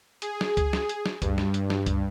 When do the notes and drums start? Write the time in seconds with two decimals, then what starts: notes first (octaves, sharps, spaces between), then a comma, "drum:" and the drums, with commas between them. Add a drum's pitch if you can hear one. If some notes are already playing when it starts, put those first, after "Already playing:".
0.22 G#4, drum: hi-hat
0.41 drum: snare
0.57 drum: kick C#2, hi-hat
0.73 drum: snare
0.89 drum: hi-hat
1.06 drum: snare
1.22 G2, drum: kick C#2, hi-hat
1.38 drum: snare
1.54 drum: hi-hat
1.70 drum: snare
1.86 drum: kick C#2, hi-hat